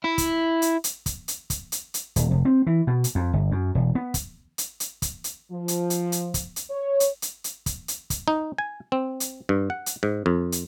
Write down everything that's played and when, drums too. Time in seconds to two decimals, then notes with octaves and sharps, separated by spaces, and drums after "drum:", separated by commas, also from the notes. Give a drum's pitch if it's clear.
0.04 E4
0.18 drum: kick, hi-hat
0.62 drum: hi-hat
0.84 drum: hi-hat
1.06 drum: kick, hi-hat
1.28 drum: hi-hat
1.50 drum: kick, hi-hat
1.72 drum: hi-hat
1.94 drum: hi-hat
2.16 D#1, drum: hi-hat
2.31 F1
2.45 C4
2.67 E3
2.87 B2
3.04 drum: hi-hat
3.15 F2
3.33 G1
3.51 F#2
3.75 E1
3.95 B3
4.14 drum: kick, hi-hat
4.58 drum: hi-hat
4.80 drum: hi-hat
5.02 drum: kick, hi-hat
5.24 drum: hi-hat
5.52 F3
5.68 drum: hi-hat
5.90 drum: hi-hat
6.12 drum: hi-hat
6.34 drum: kick, hi-hat
6.56 drum: hi-hat
6.70 C#5
7.00 drum: hi-hat
7.22 drum: hi-hat
7.44 drum: hi-hat
7.66 drum: kick, hi-hat
7.88 drum: hi-hat
8.10 drum: kick, hi-hat
8.28 D#4
8.58 G#5
8.92 C4
9.20 drum: hi-hat
9.49 G2
9.70 F#5
9.86 drum: hi-hat
10.03 G#2
10.26 F2
10.52 drum: hi-hat